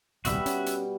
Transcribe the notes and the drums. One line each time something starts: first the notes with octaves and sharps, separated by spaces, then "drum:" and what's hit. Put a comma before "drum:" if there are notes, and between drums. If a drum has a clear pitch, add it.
D#1 C2 B2 G3 F#4 E5 B5, drum: hi-hat
C#4, drum: hi-hat
drum: hi-hat